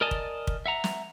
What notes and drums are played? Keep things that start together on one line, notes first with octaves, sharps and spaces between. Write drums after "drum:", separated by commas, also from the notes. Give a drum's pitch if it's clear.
A#4 D5 D#5 G#5 A5
drum: kick
drum: kick
E5 F#5 A#5
drum: snare